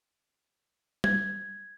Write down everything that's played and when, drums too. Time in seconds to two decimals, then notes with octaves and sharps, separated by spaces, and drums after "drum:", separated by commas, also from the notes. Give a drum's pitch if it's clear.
1.04 G#6, drum: tom G3